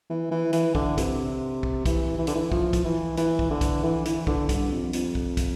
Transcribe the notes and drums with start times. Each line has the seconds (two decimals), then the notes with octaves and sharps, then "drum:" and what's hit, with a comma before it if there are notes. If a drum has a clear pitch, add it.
0.09 E3
0.31 E3
0.53 E3, drum: hi-hat
0.75 D3, drum: kick
0.98 C3, drum: kick, hi-hat
1.63 drum: kick
1.86 E3, drum: kick, hi-hat
2.18 E3
2.27 D3, drum: hi-hat
2.35 E3
2.52 F3, drum: kick
2.73 drum: kick, hi-hat
2.84 E3
3.17 E3, drum: hi-hat
3.39 drum: kick
3.50 D3
3.61 drum: kick, hi-hat
3.83 E3
4.05 E3, drum: hi-hat
4.27 D3, drum: kick
4.49 G2, drum: kick, hi-hat
4.71 F2
4.93 F2, drum: hi-hat
5.15 drum: kick
5.37 drum: kick, hi-hat